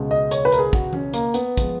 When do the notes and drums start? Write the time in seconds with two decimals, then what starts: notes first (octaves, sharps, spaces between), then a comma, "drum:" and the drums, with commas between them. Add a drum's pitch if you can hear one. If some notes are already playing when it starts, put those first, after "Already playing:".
Already playing: C#2 B2 G#3
0.11 D#5
0.31 C#5, drum: hi-hat
0.45 B4
0.52 A#4, drum: hi-hat
0.59 G#4
0.73 F#4, drum: kick
0.93 C#4, drum: tom E3
1.14 A#3, drum: hi-hat
1.34 B3, drum: hi-hat
1.57 F3 G#3, drum: kick, hi-hat